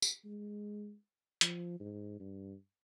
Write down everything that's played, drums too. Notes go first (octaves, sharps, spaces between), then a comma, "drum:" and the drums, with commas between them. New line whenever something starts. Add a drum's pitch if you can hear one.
drum: tambourine
G#3
F3, drum: hi-hat
G#2
G2